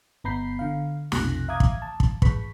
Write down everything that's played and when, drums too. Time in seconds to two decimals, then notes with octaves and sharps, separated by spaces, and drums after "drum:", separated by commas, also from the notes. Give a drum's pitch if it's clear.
0.24 G1 B3 A#5 B5 G6 C7
0.59 D3 F5
1.12 B1 F2 C3 F3 F#6 A#6, drum: snare
1.48 E5 F5 A#5 D6 D#6 G#6
1.60 drum: kick
1.82 A5
2.00 drum: kick
2.22 G#2 G#3 B4 C#6 B6, drum: kick